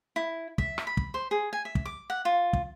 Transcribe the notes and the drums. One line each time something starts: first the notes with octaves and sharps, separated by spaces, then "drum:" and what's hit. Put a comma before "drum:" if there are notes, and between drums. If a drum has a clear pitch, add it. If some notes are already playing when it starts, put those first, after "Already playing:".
E4
E5, drum: kick
drum: rim click
B5
drum: kick
C5
G#4
G#5
E5
drum: kick
D6
F#5
F4
drum: kick